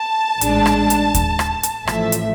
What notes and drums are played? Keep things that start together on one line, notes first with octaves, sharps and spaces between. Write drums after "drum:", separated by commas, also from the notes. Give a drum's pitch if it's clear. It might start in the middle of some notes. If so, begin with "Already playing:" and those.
Already playing: A5
A1 G#2 G#3 D4, drum: hi-hat
drum: rim click
drum: hi-hat
drum: kick D#2, hi-hat
drum: rim click
drum: hi-hat
A1 A2 F3 A3 E5, drum: rim click
drum: hi-hat